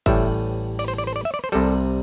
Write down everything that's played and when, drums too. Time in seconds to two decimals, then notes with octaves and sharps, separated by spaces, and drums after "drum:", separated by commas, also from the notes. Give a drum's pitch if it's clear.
0.06 A1 A2 G3 E5, drum: kick, cymbal
0.79 D5, drum: cymbal
0.88 C5
0.98 D5
1.07 C5
1.16 D5
1.25 E5
1.34 D5
1.44 C5
1.52 C2 C3 G3 A4, drum: cymbal